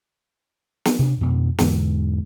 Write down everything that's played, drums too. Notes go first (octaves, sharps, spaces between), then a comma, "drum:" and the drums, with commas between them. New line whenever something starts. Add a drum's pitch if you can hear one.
drum: snare
C3 D4
F2 B2
E2 G#2 D3 E3, drum: snare